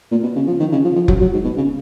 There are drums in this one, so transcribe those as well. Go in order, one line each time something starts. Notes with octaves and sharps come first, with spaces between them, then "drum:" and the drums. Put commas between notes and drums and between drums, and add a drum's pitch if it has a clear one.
A#2
B2
C#3
F3
D#3
C#3
F3
F3
F#3, drum: kick F1
F#3
G#2
B2
C#3